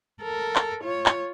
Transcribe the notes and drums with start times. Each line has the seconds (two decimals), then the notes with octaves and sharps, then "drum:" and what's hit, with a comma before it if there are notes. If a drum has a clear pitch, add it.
0.22 A4 A#4
0.56 drum: clap
0.84 F4 C#5
1.06 drum: clap